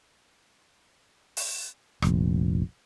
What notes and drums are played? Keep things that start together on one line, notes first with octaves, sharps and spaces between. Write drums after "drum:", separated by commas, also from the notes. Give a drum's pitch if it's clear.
drum: open hi-hat
F1 A#1, drum: rim click